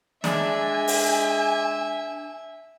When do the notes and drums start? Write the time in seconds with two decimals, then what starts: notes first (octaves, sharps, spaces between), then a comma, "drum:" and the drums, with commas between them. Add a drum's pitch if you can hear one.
0.24 G#3 D4 D5 E5 G#5, drum: snare
0.88 drum: open hi-hat